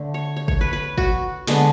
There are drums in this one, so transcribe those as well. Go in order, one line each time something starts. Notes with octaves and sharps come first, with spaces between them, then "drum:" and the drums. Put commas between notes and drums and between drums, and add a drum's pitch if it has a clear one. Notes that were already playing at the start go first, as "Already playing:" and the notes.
Already playing: D3 A3
C#5
C#5
C#5, drum: kick
B4
B4
F#4, drum: kick
D3 G#3 B3, drum: snare